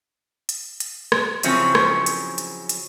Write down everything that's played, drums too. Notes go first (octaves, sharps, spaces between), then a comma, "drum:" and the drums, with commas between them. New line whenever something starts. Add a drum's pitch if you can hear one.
drum: hi-hat
drum: hi-hat
drum: rim click
C#3 F3 F#3 C4 C#4 E4, drum: hi-hat
drum: rim click
drum: hi-hat
drum: hi-hat
drum: hi-hat